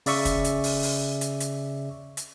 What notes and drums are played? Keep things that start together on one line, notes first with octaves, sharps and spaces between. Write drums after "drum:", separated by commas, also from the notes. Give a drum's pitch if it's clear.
C#3 D5 E5 C#6, drum: open hi-hat
drum: kick, hi-hat
drum: hi-hat
drum: open hi-hat
drum: open hi-hat
drum: hi-hat
drum: hi-hat
drum: hi-hat